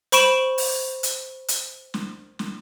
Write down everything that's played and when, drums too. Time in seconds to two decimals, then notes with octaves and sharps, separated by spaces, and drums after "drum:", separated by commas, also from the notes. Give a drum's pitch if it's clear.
0.12 C5 B5 C#6 D7 E7 F#7, drum: hi-hat
0.58 drum: open hi-hat
1.03 drum: hi-hat
1.48 drum: hi-hat
1.94 drum: snare
2.39 drum: snare